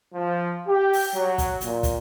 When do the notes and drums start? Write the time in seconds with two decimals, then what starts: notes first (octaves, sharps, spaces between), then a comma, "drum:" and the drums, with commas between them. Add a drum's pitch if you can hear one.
0.13 F3
0.65 G4
0.93 drum: open hi-hat
1.12 F#3
1.38 drum: kick, hi-hat
1.61 A#2, drum: hi-hat
1.83 drum: kick, hi-hat